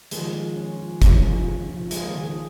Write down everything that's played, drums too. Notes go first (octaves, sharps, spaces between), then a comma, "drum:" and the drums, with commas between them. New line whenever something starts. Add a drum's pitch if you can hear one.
D#3 F3 G#3, drum: hi-hat
F3
C#4
F3
C#4, drum: kick, hi-hat
F3
C#3
F3
G#3 G#4, drum: hi-hat
A#3
D#3 G#3
G#4
F3